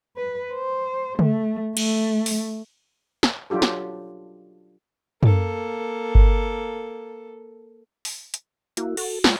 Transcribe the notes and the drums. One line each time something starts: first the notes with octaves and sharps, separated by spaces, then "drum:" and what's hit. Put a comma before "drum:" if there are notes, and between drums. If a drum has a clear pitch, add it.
B4
C5
A3, drum: tom C#3
A3, drum: cymbal
drum: open hi-hat
drum: snare
F#3 D4 F4 G4 A4
drum: snare
A#3 A4, drum: tom
drum: kick G1
drum: open hi-hat
drum: hi-hat
A#3 E4 F#4, drum: hi-hat
F#4 A4, drum: cymbal
G#3 F4, drum: snare